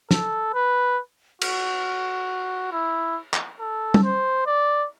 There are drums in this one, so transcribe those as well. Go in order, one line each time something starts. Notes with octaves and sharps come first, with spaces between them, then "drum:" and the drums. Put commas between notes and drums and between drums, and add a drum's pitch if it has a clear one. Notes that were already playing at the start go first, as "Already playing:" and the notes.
A4, drum: snare
B4
F#4, drum: cymbal
E4
drum: clap
A4
drum: tom
C5
D5